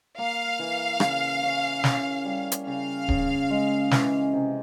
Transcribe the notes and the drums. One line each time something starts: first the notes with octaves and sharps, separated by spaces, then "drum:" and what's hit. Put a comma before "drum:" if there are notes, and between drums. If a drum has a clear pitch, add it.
A#3 F5
E3
C#3, drum: rim click
C#4
C#4, drum: snare
G3
drum: hi-hat
C#3 F5
C#3, drum: kick D1
G#3
E3, drum: snare
C3